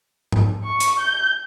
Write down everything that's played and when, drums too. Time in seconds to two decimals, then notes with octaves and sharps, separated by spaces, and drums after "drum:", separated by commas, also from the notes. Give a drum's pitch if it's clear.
0.32 drum: tom G#2
0.64 C#6
0.80 drum: hi-hat
0.99 G6